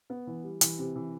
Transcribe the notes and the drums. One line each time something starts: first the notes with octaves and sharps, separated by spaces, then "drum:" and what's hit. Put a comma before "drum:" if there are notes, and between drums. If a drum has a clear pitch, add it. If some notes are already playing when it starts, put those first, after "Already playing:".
B3
E3
G3
E3, drum: hi-hat
C3
E3